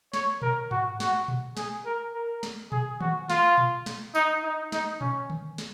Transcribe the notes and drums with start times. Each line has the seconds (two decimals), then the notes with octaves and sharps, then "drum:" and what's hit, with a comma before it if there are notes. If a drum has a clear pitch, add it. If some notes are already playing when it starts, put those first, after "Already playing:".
0.13 C#5, drum: snare
0.42 A#4, drum: tom A#2
0.71 F#4, drum: tom G#2
1.00 F#4, drum: snare
1.28 drum: tom A#2
1.57 G#4, drum: snare
1.86 A#4
2.15 A#4
2.43 drum: snare
2.72 G#4, drum: tom A#2
3.01 F#4, drum: tom D#3
3.30 F4, drum: snare
3.58 drum: tom A#2
3.86 drum: snare
4.15 D#4, drum: tambourine
4.43 D#4
4.72 D#4, drum: snare
5.01 C#4, drum: tom A#2
5.30 drum: tom D3
5.58 drum: snare